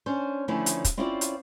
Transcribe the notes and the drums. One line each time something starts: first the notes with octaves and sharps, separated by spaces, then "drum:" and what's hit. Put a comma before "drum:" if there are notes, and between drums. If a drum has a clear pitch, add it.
C#4 D4 C5
D3 D#3 F3 A3 C#4 E4
drum: hi-hat
drum: kick, hi-hat
C4 C#4 E4 F4 C5 D5
drum: hi-hat